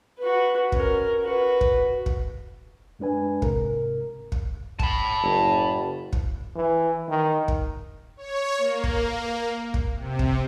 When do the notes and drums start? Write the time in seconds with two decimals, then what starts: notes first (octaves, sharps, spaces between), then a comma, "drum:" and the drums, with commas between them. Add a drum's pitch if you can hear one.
0.19 F#4 B4
0.72 C#4 A#4, drum: kick
1.22 F#4 B4
1.61 drum: kick
2.06 drum: kick
2.99 F#2 G#3 D4 B4 G#5
3.42 G#2 C3 A#4, drum: kick
4.32 drum: kick
4.80 A5 B5, drum: kick
5.22 F#1
6.13 drum: kick
6.56 E3
7.09 D#3
7.48 drum: kick
8.17 C#5
8.58 A#3
8.84 drum: kick
9.74 drum: kick
9.94 C3
10.19 drum: kick